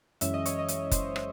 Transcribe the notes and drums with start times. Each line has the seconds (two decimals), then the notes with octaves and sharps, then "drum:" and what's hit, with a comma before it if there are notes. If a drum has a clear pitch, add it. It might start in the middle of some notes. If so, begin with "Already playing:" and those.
0.21 F#2 E3 G#3 C#4 E5, drum: hi-hat
0.34 D#5
0.46 C#5, drum: hi-hat
0.59 D#5
0.68 drum: hi-hat
0.91 C5, drum: kick F#1, hi-hat
1.16 drum: rim click